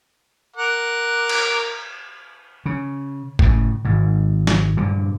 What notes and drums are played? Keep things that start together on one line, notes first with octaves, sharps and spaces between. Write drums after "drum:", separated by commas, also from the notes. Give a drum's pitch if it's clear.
A#4 F#5 D6
drum: cymbal
C#3
A2 C#3, drum: kick G1
G#1 G#2
drum: snare
G2 A#2 D3